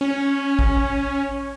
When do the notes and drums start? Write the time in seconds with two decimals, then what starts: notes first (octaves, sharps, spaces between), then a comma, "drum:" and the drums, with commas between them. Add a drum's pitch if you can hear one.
0.01 C#4
0.59 drum: kick A1